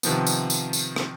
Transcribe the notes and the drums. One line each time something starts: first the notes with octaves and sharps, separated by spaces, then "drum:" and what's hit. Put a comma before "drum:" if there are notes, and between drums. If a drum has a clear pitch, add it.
C3 D#3 F3 B3, drum: tambourine
drum: tambourine
drum: tambourine
drum: tambourine
drum: rim click